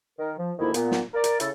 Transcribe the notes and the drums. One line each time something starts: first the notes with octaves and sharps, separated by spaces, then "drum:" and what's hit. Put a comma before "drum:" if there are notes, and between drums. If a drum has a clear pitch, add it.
D#3 A#4
F3
D2 G#2 D#3 F3 A#3 E4
A#2 B3, drum: hi-hat
drum: snare
A#4 D5
drum: hi-hat
C#3 E4 A4, drum: hi-hat